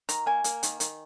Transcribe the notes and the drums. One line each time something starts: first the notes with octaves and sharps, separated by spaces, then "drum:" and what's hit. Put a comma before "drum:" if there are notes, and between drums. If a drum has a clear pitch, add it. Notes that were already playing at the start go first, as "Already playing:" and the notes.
D#3 A#5, drum: hi-hat
A#3 G#5
A#3, drum: hi-hat
D#3, drum: hi-hat
D#3, drum: hi-hat